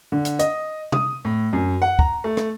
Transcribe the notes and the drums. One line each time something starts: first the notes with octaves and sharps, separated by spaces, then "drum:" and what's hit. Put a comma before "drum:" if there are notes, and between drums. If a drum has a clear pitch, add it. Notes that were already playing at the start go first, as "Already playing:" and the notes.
D3
drum: hi-hat
D#5, drum: hi-hat
D#6, drum: tom C3
A2
F#2
F#5
A#5, drum: kick
A3
drum: rim click